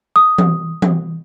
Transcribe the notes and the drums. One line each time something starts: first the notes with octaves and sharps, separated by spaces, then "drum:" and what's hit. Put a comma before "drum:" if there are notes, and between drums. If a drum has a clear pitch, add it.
D#6
drum: tom E3
drum: tom E3